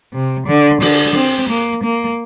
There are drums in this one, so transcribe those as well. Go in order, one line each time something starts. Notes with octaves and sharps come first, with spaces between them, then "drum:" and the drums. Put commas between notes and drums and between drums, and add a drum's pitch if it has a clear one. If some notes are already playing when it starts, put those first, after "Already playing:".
C3
D3
D3, drum: open hi-hat
C4
A#3
A#3